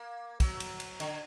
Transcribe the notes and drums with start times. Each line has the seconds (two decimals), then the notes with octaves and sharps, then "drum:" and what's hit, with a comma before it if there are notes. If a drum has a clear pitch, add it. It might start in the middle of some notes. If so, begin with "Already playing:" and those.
Already playing: A#3
0.40 F#3, drum: kick, cymbal
0.60 drum: cymbal
0.80 drum: cymbal
1.00 D3, drum: cymbal